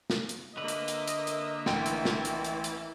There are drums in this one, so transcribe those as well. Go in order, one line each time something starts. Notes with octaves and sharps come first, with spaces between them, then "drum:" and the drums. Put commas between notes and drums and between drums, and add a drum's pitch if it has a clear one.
drum: snare
drum: hi-hat
D3 A#3 B4 D#5 E5
drum: hi-hat
drum: hi-hat
drum: hi-hat
drum: hi-hat
A1 E3 G5, drum: snare
drum: hi-hat
drum: snare
drum: hi-hat
drum: hi-hat
drum: hi-hat